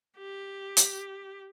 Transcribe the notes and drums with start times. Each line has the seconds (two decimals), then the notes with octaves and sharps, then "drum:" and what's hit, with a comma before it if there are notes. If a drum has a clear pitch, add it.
0.18 G4
0.77 drum: hi-hat